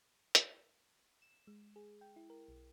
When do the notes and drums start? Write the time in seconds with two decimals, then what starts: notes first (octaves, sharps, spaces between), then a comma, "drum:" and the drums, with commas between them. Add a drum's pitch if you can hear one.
0.35 drum: hi-hat
1.22 E7
1.47 G#3
1.76 G#4
2.01 G5
2.16 E4
2.30 A#4
2.48 B1